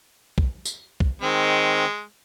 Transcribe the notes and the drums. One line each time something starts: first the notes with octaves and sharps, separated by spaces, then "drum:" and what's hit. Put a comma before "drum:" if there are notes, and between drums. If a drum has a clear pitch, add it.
drum: kick
drum: tambourine
drum: kick
D#3 G#3 C4